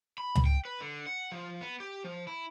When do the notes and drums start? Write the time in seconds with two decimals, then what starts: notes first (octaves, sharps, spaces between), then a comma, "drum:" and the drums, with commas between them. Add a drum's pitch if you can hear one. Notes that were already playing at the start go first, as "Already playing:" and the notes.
0.18 B5
0.35 drum: tom C#2
0.46 G5
0.65 B4
0.81 D3
1.06 F#5
1.32 F3
1.61 B3
1.80 G4
2.04 F3
2.27 E4